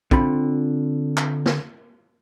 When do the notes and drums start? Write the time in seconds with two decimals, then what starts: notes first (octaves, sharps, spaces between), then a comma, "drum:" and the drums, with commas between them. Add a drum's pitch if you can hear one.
0.11 D3 C4 F4 B5, drum: kick
1.17 drum: clap
1.46 drum: snare